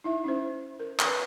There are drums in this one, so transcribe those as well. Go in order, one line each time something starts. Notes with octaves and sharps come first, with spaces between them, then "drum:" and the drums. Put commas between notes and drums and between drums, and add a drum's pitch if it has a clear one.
D#4 E4 E5
C#4 E4 C5
A#4
B4 C6, drum: clap